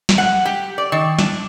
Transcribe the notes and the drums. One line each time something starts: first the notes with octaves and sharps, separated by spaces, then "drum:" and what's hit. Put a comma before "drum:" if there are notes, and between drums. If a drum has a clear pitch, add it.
drum: snare
F#5
G4
D5
D#3
D4, drum: snare